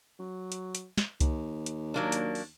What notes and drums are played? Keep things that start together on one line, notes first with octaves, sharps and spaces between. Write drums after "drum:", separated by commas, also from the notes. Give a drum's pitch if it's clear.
F#3
drum: hi-hat
drum: hi-hat
drum: snare
D#2, drum: kick C2, hi-hat
drum: hi-hat
F#3 A#3 D4
drum: hi-hat
drum: open hi-hat